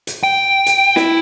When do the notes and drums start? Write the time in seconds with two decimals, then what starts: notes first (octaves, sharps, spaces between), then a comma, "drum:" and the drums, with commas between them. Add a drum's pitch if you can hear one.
0.07 drum: hi-hat
0.23 G5
0.66 drum: hi-hat
0.96 E4, drum: snare